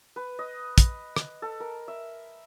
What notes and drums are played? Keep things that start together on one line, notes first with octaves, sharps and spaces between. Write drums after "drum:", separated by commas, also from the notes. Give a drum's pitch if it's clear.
B4
D#5
drum: kick, hi-hat
drum: rim click
A4
A#4
E5